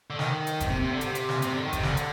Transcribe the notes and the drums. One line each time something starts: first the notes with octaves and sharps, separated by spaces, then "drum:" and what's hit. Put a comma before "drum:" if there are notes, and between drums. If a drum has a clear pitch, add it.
D3
D#3, drum: snare
drum: hi-hat
C3, drum: kick F1, hi-hat
C3
C3
D3
C3, drum: hi-hat
drum: hi-hat
drum: snare
C3, drum: hi-hat
D3
D#3
C3, drum: kick F1, hi-hat
D3, drum: snare
drum: hi-hat